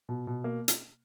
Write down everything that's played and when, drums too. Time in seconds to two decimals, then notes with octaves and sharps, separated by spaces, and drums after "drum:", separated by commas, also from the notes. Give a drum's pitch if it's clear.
0.09 B2
0.27 B2
0.44 A#3
0.68 drum: hi-hat